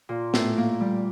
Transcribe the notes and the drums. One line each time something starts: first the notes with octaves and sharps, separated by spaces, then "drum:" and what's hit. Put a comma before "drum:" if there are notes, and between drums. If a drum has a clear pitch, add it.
A#2
A2, drum: snare
A#3
G3